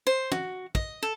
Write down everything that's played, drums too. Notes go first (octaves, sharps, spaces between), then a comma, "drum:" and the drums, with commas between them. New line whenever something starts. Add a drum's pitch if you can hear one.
C5
F#4, drum: tom
D#5, drum: kick
A4